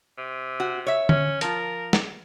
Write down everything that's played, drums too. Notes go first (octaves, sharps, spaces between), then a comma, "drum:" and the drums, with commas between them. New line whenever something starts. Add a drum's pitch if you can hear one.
C3
F#4
C#5 E5
C#4, drum: tom D3
F3 F4 A#4, drum: hi-hat
drum: snare